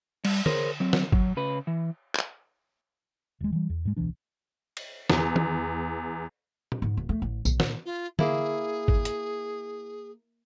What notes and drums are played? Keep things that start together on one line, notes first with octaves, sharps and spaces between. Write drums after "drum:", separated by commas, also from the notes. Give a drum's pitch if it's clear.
G3, drum: cymbal
G#4 A#4 C5 C#5, drum: tom D3
F#3 C4
drum: snare
F#3, drum: kick
C#3 B4
E3
drum: clap
D#1 G#3
E3 G3
E2
G#2 G#3
D1 B1 E3 D4
drum: cymbal
E2, drum: snare
drum: tom D#3
drum: tom A#2
G#2
D#1
A3
A1
B1, drum: tambourine
A#2, drum: snare
F4
A#3 E4 G#4, drum: tom D3
drum: kick
drum: hi-hat